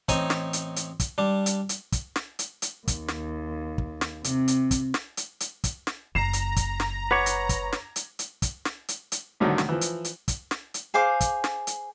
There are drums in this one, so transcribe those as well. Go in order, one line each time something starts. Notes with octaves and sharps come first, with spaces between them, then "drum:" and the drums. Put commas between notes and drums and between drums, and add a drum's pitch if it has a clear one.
A1 C4 D#4 C#5 G#5, drum: kick, hi-hat
drum: snare
drum: hi-hat
drum: hi-hat
drum: kick, hi-hat
G3 D4
drum: hi-hat
drum: hi-hat
drum: kick, hi-hat
drum: snare
drum: hi-hat
drum: hi-hat
D#2, drum: kick, hi-hat
drum: snare
drum: kick
drum: snare
C3, drum: hi-hat
drum: hi-hat
drum: kick, hi-hat
drum: snare
drum: hi-hat
drum: hi-hat
drum: kick, hi-hat
drum: snare
F#1 A#5 C7 E7
drum: hi-hat
drum: kick, hi-hat
drum: snare
B4 C#5 F#5 D6 G#6
drum: hi-hat
drum: kick, hi-hat
drum: snare
drum: hi-hat
drum: hi-hat
drum: kick, hi-hat
drum: snare
drum: hi-hat
drum: hi-hat
C2 A2 D3 D#3 F#3 A3
drum: snare
E3 F3
drum: hi-hat
drum: hi-hat
drum: kick, hi-hat
drum: snare
drum: hi-hat
G#4 C5 F5 D6
drum: kick, hi-hat
drum: snare
drum: hi-hat